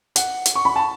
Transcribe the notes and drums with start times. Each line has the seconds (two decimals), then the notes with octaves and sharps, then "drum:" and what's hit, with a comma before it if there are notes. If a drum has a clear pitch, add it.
0.16 F#5, drum: hi-hat
0.46 drum: hi-hat
0.55 C#6
0.65 B5
0.76 A5